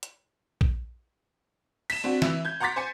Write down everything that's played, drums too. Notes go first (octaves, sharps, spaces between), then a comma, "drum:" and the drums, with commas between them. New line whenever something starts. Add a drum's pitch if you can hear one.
drum: hi-hat
drum: kick A#1
B6 E7, drum: cymbal
C4 D4 F#4
E3 E5, drum: snare
G6 G#6
F#5 A#5 C6 D6 A6 B6
C5 G#5 C#7